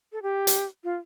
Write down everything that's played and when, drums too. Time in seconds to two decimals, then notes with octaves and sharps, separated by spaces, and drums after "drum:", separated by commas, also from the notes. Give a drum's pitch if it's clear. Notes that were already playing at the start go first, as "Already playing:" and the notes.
0.12 A4
0.22 G4
0.47 drum: hi-hat
0.84 F4